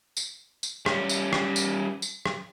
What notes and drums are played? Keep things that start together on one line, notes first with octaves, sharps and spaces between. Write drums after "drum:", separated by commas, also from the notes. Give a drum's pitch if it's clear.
drum: tambourine
drum: tambourine
G3 C#4, drum: rim click
drum: tambourine
drum: rim click
drum: tambourine
drum: tambourine
drum: rim click